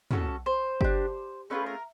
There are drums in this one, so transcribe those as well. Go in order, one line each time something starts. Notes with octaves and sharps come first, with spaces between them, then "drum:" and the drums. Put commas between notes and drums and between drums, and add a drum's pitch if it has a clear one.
C#4 F#4 A4, drum: tom
C5
D4 G4, drum: kick G1
A3 C#4 F4 G#4 B4
A#4